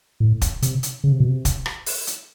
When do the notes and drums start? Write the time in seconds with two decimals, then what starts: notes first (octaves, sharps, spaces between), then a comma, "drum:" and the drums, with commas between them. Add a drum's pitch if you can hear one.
0.20 A2
0.41 drum: kick, hi-hat
0.62 C3, drum: hi-hat
0.83 drum: hi-hat
1.04 C#3
1.12 C3
1.20 B2
1.28 C3
1.45 drum: kick, hi-hat
1.66 drum: rim click
1.86 drum: open hi-hat
2.07 drum: hi-hat